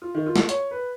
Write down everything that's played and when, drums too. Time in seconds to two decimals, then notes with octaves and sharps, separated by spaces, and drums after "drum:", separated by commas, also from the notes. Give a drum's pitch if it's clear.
0.02 F4
0.15 D#3
0.26 F4
0.36 drum: snare
0.49 C#5, drum: hi-hat
0.71 B4